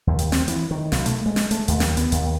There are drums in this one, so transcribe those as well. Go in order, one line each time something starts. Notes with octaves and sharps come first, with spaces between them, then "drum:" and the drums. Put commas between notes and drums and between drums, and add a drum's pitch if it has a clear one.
D#2
drum: hi-hat
C4, drum: snare
E3, drum: hi-hat
D#3
B1, drum: snare
A3, drum: hi-hat
G#3
drum: snare
A3, drum: hi-hat
D#2, drum: hi-hat
drum: snare
B3, drum: hi-hat
D#2, drum: hi-hat